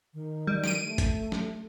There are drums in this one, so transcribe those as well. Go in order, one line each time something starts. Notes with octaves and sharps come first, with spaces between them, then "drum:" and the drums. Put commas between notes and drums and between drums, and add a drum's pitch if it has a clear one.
D#3
G3
D7 D#7, drum: snare
A3
drum: kick, hi-hat
drum: snare